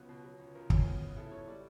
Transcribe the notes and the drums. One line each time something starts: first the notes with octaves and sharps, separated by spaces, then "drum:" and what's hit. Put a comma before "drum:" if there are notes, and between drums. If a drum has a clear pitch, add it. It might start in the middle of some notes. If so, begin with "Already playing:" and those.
Already playing: C#2 F#3 B3 B4
B2
F#3
C#2
C#2 A#4
C#3 G#4, drum: kick
B3
C#3
E4 A4
F#3 C#5
G3 D5